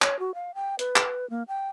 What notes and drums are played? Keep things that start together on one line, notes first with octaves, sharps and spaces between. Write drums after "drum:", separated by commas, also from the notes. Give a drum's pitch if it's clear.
C#5, drum: clap
F#4
F5
G5
B4, drum: hi-hat
drum: clap
A#3
G5